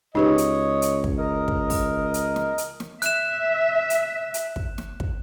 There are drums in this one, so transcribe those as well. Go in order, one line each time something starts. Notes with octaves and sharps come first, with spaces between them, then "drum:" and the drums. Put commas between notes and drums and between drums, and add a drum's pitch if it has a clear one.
C#2 D#4 G4 B4 C#5 D#5
drum: hi-hat
drum: hi-hat
drum: kick
A#4 D#5
drum: kick
drum: kick, open hi-hat
drum: hi-hat
drum: snare
drum: hi-hat
drum: snare
E5 F#6 E7, drum: hi-hat
drum: hi-hat
drum: hi-hat
drum: kick
drum: snare
drum: kick